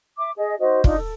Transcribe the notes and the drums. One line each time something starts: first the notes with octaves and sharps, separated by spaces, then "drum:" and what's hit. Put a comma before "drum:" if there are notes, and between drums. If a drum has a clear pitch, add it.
E5 D6
G#4 D#5
D#4 F#4 C5 D#5
D4 D#4 F4, drum: kick
A4